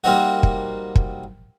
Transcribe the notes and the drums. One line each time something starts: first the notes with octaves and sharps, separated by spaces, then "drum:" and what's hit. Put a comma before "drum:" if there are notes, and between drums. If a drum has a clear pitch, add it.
G3 A#3 C4 D#4 F#4
drum: kick
drum: kick